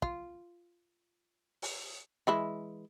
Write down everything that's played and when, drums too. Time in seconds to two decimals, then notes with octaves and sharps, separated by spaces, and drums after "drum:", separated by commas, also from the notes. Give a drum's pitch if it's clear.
0.02 F4, drum: kick
1.62 drum: open hi-hat
2.27 E3 G#3 E4